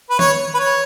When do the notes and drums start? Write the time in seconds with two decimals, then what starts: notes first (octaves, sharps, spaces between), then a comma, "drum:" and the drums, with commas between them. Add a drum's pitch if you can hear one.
0.10 B4
0.19 C#5, drum: tom D#3
0.54 B4
0.60 C#5